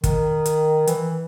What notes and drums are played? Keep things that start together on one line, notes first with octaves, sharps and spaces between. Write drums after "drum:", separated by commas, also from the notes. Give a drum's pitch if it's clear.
D#3, drum: kick, hi-hat
drum: hi-hat
E3, drum: hi-hat